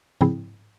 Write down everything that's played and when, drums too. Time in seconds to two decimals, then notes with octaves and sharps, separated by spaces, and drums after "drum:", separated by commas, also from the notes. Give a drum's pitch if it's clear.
0.21 C#3 F3 C4 E4 G#4, drum: tom G#2